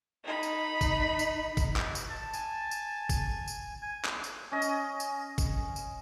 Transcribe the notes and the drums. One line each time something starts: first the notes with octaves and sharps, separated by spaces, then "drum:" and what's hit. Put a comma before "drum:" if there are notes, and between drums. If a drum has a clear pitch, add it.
D#4 B5
drum: tambourine
drum: kick G#1, tambourine
drum: tambourine
drum: kick G#1, tambourine
drum: clap
drum: tambourine
A5
G#5, drum: tambourine
drum: tambourine
drum: kick G#1, tambourine
drum: tambourine
G#5
drum: clap
drum: tambourine
C#4 D#5
drum: tambourine
drum: tambourine
drum: kick G#1, tambourine
drum: tambourine